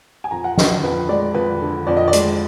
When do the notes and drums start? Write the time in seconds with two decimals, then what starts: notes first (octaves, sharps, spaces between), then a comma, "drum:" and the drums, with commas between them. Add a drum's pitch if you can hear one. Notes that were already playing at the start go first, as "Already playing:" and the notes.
0.24 G#5
0.31 F2 A#5
0.44 F#5
0.57 D3 D#5, drum: snare
0.83 F2 B4
1.09 G#3 D5
1.34 F2 B4
1.61 D3
1.87 F2 D5
1.97 D#5
2.08 D5
2.13 G#3, drum: hi-hat